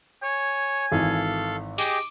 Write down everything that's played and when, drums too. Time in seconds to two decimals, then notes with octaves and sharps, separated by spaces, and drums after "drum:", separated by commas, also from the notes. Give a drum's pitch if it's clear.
0.23 C#5 G#5
0.92 G#1 E3 A4 F5
1.78 G4 G#4 D#5 D6, drum: open hi-hat